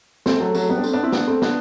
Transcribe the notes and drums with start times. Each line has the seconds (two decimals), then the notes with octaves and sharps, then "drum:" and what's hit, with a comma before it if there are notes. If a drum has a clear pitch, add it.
0.26 A3 C4, drum: snare
0.40 F#3 A3
0.55 F#3 A3, drum: tambourine
0.69 G3 B3
0.78 D4
0.84 A3 C4, drum: tambourine
0.94 B3 D4
1.03 C4 E4
1.12 B3 D4, drum: snare
1.27 A3 C4
1.42 B3 D4, drum: snare